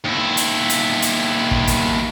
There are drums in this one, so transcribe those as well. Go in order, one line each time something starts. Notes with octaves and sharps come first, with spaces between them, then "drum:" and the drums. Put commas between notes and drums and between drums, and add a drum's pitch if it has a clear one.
D#2 E4
drum: hi-hat
drum: hi-hat
drum: hi-hat
drum: kick
drum: kick, hi-hat